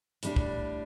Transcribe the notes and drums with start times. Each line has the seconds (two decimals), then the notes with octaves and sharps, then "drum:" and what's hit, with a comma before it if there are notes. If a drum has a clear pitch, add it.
0.23 A2 G3 D4, drum: hi-hat
0.36 drum: kick